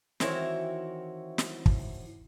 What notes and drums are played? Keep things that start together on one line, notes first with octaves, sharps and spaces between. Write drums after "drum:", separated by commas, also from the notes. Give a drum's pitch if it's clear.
D#3 E3 C4 E4 F#4 C#5, drum: snare
drum: snare
drum: kick